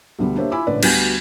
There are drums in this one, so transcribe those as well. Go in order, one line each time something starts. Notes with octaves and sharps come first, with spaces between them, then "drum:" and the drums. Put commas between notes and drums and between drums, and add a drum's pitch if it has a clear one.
D2 B2 D3 G3 B3
A#3 D4 G4 C5 C#5 E5
E4 F4 G#5 B5 D6 E6
A#1 A2 D3 C#4 B4 D5
D2 G3 B3 F#4 G#5, drum: cymbal